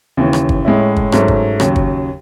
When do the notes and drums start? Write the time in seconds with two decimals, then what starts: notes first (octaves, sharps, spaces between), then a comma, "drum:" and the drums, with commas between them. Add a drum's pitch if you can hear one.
0.17 D#2 C#3 E3
0.33 drum: rim click
0.49 drum: kick
0.65 A2 G#3 C#4 E4
0.96 drum: kick
1.12 G#2 F#3 A3 C#4, drum: rim click
1.28 drum: kick
1.60 D#2 C#3 F#3, drum: rim click
1.76 drum: kick